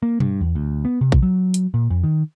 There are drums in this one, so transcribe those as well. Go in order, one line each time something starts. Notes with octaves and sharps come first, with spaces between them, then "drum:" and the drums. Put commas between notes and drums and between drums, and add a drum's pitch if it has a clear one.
A#3
G2, drum: tom B2
E2
D2
B3
C3
drum: kick A#1
F#3
drum: hi-hat
A#2
F2
D#3